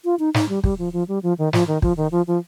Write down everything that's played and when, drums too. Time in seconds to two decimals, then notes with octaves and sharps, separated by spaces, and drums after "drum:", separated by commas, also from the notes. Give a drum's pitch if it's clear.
0.05 F4
0.19 D#4
0.34 D#4, drum: snare
0.49 G3
0.64 G3, drum: kick
0.79 F3
0.93 F3
1.08 G3
1.23 F3
1.39 D#3
1.53 F3, drum: snare
1.68 D#3
1.82 F3, drum: kick
1.97 D#3
2.11 F3
2.27 F3